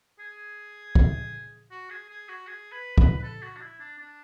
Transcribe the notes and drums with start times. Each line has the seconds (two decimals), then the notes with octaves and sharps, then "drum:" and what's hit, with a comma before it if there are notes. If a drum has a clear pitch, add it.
0.19 G#4
0.95 drum: kick
1.71 F#4
1.90 G#4
2.09 G#4
2.29 F#4
2.47 G#4
2.72 B4
2.98 B4, drum: kick
3.18 B4
3.23 A4
3.42 F#4
3.56 D4
3.61 E4
3.79 D4
3.98 D4